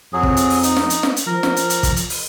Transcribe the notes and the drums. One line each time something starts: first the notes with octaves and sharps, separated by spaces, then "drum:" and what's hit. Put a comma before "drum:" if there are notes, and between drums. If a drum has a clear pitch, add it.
F2 F#3 G#4
drum: kick
drum: hi-hat
drum: open hi-hat
D#4, drum: hi-hat
drum: snare
drum: hi-hat
drum: snare
drum: hi-hat
F3 A#4
drum: snare
drum: hi-hat
drum: hi-hat
drum: kick, hi-hat
drum: hi-hat
drum: open hi-hat